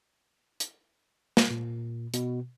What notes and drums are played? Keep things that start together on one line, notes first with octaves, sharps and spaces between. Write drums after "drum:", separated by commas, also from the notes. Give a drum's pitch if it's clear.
drum: hi-hat
drum: snare
A#2
B2, drum: hi-hat